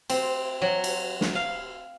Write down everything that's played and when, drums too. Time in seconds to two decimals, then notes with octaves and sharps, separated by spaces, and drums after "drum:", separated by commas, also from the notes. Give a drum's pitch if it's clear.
0.10 C4, drum: cymbal
0.62 F#3
0.84 drum: cymbal
1.21 drum: snare
1.35 F5